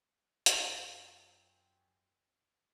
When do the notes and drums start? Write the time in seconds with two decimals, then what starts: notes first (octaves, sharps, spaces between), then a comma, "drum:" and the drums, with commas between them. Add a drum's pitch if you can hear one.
0.46 F#2 F4 G4 C5 C#5 G#5, drum: hi-hat